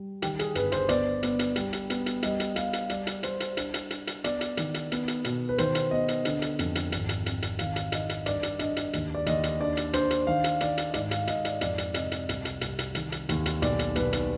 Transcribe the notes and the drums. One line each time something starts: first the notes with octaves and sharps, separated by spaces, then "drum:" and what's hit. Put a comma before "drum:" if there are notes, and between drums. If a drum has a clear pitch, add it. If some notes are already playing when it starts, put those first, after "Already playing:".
Already playing: G3
D#3 G4, drum: hi-hat
G#4, drum: hi-hat
G1 B4, drum: hi-hat
C5, drum: hi-hat
B3 D5, drum: hi-hat
B3, drum: hi-hat
drum: hi-hat
G3, drum: hi-hat
drum: hi-hat
B3, drum: hi-hat
drum: hi-hat
G3 D#5, drum: hi-hat
drum: hi-hat
G3 F5, drum: hi-hat
drum: hi-hat
G3 D5, drum: hi-hat
drum: hi-hat
G3 C5, drum: hi-hat
drum: hi-hat
D4, drum: hi-hat
drum: hi-hat
D4, drum: hi-hat
drum: hi-hat
B3 D5, drum: hi-hat
drum: hi-hat
D#3, drum: hi-hat
drum: hi-hat
B3, drum: hi-hat
drum: hi-hat
B2, drum: hi-hat
B4
D#3 C5, drum: hi-hat
drum: hi-hat
B3 D#5
drum: hi-hat
D3, drum: hi-hat
drum: hi-hat
F2, drum: hi-hat
drum: hi-hat
G#1, drum: hi-hat
drum: hi-hat
C4, drum: hi-hat
drum: hi-hat
D#3 F5, drum: hi-hat
drum: hi-hat
D#3 D#5, drum: hi-hat
drum: hi-hat
G2 D5, drum: hi-hat
drum: hi-hat
D4 D#5, drum: hi-hat
drum: hi-hat
D#2, drum: hi-hat
D5
D#2 D#5, drum: hi-hat
drum: hi-hat
D4 D5
drum: hi-hat
D4 C5, drum: hi-hat
drum: hi-hat
D#3 F5
drum: hi-hat
D#3 D5, drum: hi-hat
drum: hi-hat
D#5
G#2 D5, drum: hi-hat
F5, drum: hi-hat
G#2 D#5, drum: hi-hat
D5, drum: hi-hat
F2 D5, drum: hi-hat
drum: hi-hat
C3 D#5, drum: hi-hat
drum: hi-hat
C2, drum: hi-hat
drum: hi-hat
C2, drum: hi-hat
drum: hi-hat
D#3, drum: hi-hat
drum: hi-hat
D#2, drum: hi-hat
drum: hi-hat
B1 D5, drum: hi-hat
drum: hi-hat
B1 B4, drum: hi-hat
drum: hi-hat